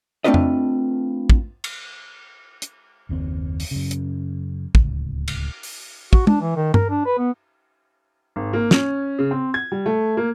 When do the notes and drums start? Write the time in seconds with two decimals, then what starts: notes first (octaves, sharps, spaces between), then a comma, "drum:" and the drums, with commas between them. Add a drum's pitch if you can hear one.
0.24 A3 C4 D4 F4 B4 D#5
0.34 drum: tom F2
1.30 drum: kick
1.64 drum: cymbal
2.62 drum: hi-hat
3.09 F#1 D#2 B2 C4
3.60 drum: open hi-hat
3.71 F#2 C#3
3.91 drum: hi-hat
4.75 D1 C#2, drum: kick
5.28 drum: cymbal
5.63 drum: open hi-hat
6.13 F#4, drum: kick
6.27 D4, drum: tom G#3
6.41 E3
6.57 D#3
6.74 A#4, drum: tom
6.90 D4
7.06 B4
7.19 B3
8.36 G#1
8.53 A#3
8.71 C#4, drum: snare
9.19 C#3
9.31 C4
9.54 G#6
9.72 G3
9.86 A3
10.17 A#3